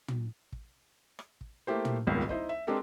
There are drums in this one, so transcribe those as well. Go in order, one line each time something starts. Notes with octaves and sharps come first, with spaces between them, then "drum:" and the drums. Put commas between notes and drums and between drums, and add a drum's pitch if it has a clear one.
drum: tom
drum: kick
drum: rim click
drum: kick
A3 A#3 E4 G4 C5
drum: tom
D#1 G#1 C#2 B2 D#3
D#4 E4 C5 D#5, drum: kick
E5
G#3 C4 D4 G4 A4 A#4